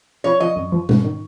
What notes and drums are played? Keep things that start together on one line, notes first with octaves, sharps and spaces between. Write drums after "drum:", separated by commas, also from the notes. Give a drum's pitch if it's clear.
F3 C#5
F3 D#5
F#2
F3
G#2, drum: tom
D#3